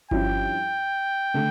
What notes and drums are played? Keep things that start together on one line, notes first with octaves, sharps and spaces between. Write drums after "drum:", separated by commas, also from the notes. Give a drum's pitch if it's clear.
G2 F3 C#4 E4 G5, drum: kick G1
D3 A3